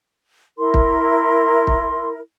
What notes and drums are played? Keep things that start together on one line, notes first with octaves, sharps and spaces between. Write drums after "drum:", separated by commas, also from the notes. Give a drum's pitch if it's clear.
E4 A#4 C6
drum: kick
drum: kick